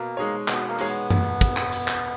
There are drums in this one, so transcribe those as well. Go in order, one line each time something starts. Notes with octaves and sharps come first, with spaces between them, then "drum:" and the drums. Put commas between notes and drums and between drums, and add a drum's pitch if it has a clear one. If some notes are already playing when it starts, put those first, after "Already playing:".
Already playing: B2 A#3
G#3 D#4 G#4 C#5
B2 B3, drum: clap
A#3
G#3 D#4 G#4 C#5, drum: hi-hat
B3
E1, drum: tom F#2
drum: kick, hi-hat
drum: clap
drum: hi-hat
drum: clap